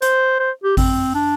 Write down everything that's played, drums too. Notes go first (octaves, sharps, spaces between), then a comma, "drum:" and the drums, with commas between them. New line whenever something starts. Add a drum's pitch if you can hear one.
C5, drum: hi-hat
C5
G4
C4, drum: kick G#1, open hi-hat
D4